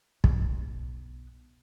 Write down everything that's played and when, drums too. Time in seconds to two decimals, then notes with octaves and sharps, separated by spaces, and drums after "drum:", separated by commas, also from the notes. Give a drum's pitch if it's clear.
0.24 B1 B3, drum: kick